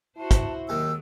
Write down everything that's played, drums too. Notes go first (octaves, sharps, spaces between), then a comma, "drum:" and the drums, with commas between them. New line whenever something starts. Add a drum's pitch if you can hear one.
E4 F#4 C5 A5
drum: kick, hi-hat
D#2 D#3 F#3 G#3 E6